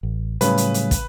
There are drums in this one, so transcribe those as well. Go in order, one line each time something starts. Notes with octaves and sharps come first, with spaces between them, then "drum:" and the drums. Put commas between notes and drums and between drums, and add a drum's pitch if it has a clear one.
A1
A2 C#3 F#3 G3 A3 C#4 B4, drum: hi-hat
drum: hi-hat
drum: hi-hat
drum: kick, hi-hat